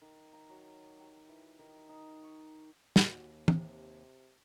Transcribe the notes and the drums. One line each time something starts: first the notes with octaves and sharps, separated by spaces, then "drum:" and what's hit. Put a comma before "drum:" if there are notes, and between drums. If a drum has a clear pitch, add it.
D#3
A#5
F#3
G4
E3
D#3
D#4
C#6
D#2 F#4, drum: snare
C3, drum: tom